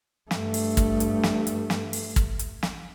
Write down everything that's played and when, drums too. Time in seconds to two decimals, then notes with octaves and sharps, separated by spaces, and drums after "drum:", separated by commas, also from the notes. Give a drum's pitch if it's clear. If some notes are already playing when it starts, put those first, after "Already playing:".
0.31 G2 A3, drum: snare
0.54 drum: open hi-hat
0.77 drum: kick, hi-hat
1.00 drum: hi-hat
1.23 drum: snare
1.47 drum: hi-hat
1.70 drum: snare
1.93 drum: open hi-hat
2.16 drum: kick, hi-hat
2.39 drum: hi-hat
2.63 drum: snare